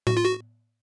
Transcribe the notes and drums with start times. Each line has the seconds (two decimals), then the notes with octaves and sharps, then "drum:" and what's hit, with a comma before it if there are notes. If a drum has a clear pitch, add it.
0.07 F#4, drum: tom A2
0.17 F4
0.25 F#4